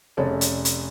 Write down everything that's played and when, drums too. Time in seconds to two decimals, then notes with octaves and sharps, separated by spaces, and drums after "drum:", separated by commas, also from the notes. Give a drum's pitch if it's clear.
0.17 F1 C#4 G#4 A4 D5
0.41 drum: hi-hat
0.65 drum: hi-hat